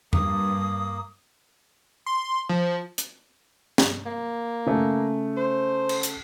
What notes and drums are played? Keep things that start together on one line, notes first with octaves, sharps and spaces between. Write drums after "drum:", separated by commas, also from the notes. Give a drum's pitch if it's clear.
G2 A#3 D#6, drum: tom E2
C6
F3
drum: hi-hat
drum: snare
A#3
C#3 A3
C5
drum: cymbal
drum: hi-hat